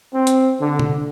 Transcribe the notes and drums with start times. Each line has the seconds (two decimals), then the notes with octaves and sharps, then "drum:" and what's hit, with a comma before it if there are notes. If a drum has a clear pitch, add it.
0.14 C4
0.27 drum: hi-hat
0.61 D3
0.79 drum: tom B2